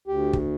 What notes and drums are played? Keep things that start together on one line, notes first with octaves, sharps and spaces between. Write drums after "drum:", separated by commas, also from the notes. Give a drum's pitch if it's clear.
D2 G4
drum: kick